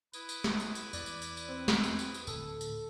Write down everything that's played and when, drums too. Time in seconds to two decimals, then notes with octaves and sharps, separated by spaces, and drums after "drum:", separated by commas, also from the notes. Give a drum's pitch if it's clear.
0.13 E4 B4 D#6, drum: tambourine
0.29 drum: tambourine
0.44 drum: snare
0.60 drum: tambourine
0.75 drum: tambourine
0.93 E2 D5, drum: tambourine
1.06 drum: tambourine
1.22 drum: tambourine
1.37 drum: tambourine
1.49 C4
1.68 drum: snare
1.83 drum: tambourine
1.99 drum: tambourine
2.14 drum: tambourine
2.27 D1 A4, drum: tambourine
2.61 drum: tambourine